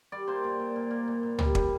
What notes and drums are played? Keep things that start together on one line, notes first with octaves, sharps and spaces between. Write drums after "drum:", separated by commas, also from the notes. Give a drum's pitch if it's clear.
G3 D5
A#3 C5
A#2
A#2
A#2
A#3
A#2
A#2
G3, drum: tom
G3, drum: kick